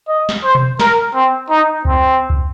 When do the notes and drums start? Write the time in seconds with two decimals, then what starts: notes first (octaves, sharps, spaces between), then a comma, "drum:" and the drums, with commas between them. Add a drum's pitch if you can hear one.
0.08 D#5
0.29 drum: snare
0.44 C5
0.55 drum: tom B2
0.80 A#4, drum: snare
1.15 C4
1.50 D#4
1.85 C4, drum: kick C#2
2.30 drum: kick C#2